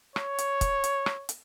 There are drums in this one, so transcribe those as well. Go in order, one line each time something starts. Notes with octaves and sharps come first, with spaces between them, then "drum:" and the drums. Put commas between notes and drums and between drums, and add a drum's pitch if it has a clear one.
C#5, drum: rim click
drum: hi-hat
drum: kick, hi-hat
drum: hi-hat
drum: rim click
drum: hi-hat